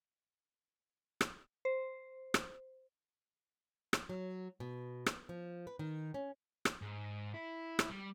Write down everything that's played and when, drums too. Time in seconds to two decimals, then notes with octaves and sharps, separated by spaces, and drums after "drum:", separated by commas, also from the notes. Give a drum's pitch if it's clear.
1.21 drum: rim click
1.65 C5
2.34 drum: rim click
3.93 drum: rim click
4.09 F#3
4.60 B2
5.06 drum: rim click
5.29 F3
5.67 B4
5.79 D#3
6.14 C#4
6.65 drum: rim click
6.82 G#2
7.34 E4
7.79 drum: rim click
7.90 G3